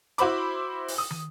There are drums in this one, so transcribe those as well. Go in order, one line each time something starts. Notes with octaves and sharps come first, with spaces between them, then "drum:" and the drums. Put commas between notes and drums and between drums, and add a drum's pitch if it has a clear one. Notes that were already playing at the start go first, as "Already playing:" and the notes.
E4 F#4 C5 B5 D6, drum: hi-hat
drum: open hi-hat
D#6
drum: tom